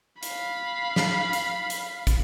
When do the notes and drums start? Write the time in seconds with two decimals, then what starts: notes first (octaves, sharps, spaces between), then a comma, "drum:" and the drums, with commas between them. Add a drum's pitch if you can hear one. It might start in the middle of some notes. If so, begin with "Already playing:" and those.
0.23 F5 B5, drum: hi-hat
0.96 drum: snare
1.33 drum: hi-hat
1.70 drum: hi-hat
2.07 drum: kick, hi-hat